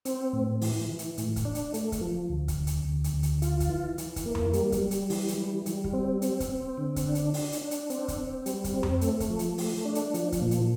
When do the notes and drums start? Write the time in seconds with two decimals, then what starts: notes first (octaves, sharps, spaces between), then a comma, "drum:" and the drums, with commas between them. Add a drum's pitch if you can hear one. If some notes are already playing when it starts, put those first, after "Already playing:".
0.05 C4, drum: hi-hat
0.33 A2
0.61 E3, drum: open hi-hat
0.89 E3
0.99 drum: hi-hat
1.18 A2, drum: hi-hat
1.36 drum: kick, hi-hat
1.45 D4
1.55 drum: hi-hat
1.74 A3, drum: hi-hat
1.92 drum: kick, hi-hat
2.01 F3
2.29 D2
2.48 drum: kick, hi-hat
2.57 D2
2.67 drum: hi-hat
2.85 D2
3.04 drum: hi-hat
3.14 D2
3.23 drum: hi-hat
3.42 F4, drum: hi-hat
3.60 drum: kick, hi-hat
3.69 E3
3.98 E3, drum: hi-hat
4.16 drum: kick, hi-hat
4.26 A#3
4.35 drum: tom F2
4.53 G3, drum: hi-hat
4.72 drum: kick, hi-hat
4.81 G3
4.91 drum: hi-hat
5.10 E3, drum: open hi-hat
5.28 drum: hi-hat
5.38 G3
5.66 G3, drum: hi-hat
5.84 drum: kick
5.93 C4
6.22 C4, drum: hi-hat
6.40 drum: kick, hi-hat
6.49 C4
6.77 D3
6.96 drum: kick, hi-hat
7.06 D4
7.15 drum: hi-hat
7.34 D4, drum: open hi-hat
7.52 drum: hi-hat
7.61 D4
7.71 drum: hi-hat
7.90 C4, drum: hi-hat
8.08 drum: kick, hi-hat
8.18 C4
8.46 G3, drum: hi-hat
8.64 drum: kick, hi-hat
8.73 C4
8.83 drum: tom F2
9.01 A3, drum: hi-hat
9.20 drum: kick, hi-hat
9.30 F3
9.39 drum: hi-hat
9.58 A3, drum: open hi-hat
9.85 D4
9.95 drum: hi-hat
10.14 F3, drum: hi-hat
10.32 drum: kick, hi-hat
10.42 A#2
10.51 drum: hi-hat